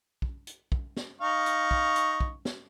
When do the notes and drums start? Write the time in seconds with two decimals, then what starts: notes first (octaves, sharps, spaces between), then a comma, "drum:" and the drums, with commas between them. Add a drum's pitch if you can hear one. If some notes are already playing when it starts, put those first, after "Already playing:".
0.22 drum: kick
0.47 drum: hi-hat
0.72 drum: kick
0.97 drum: snare
1.21 D#4 F5 C#6
1.46 drum: hi-hat
1.71 drum: kick
1.96 drum: hi-hat
2.20 drum: kick
2.45 drum: snare